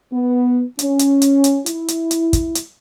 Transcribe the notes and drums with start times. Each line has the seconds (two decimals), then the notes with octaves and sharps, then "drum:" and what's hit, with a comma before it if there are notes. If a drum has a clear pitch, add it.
0.13 B3
0.79 C#4, drum: hi-hat
0.99 drum: hi-hat
1.22 drum: hi-hat
1.44 drum: hi-hat
1.66 E4, drum: hi-hat
1.88 drum: hi-hat
2.11 drum: hi-hat
2.33 drum: kick, hi-hat
2.55 drum: hi-hat